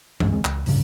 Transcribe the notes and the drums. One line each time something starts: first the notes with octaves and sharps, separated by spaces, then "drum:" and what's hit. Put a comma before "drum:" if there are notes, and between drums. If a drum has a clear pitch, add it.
D#1 B1 G2 G#3, drum: tom E3
F1 D2 G#3 C4
C#2, drum: clap
D1 A1 G2 C#3, drum: open hi-hat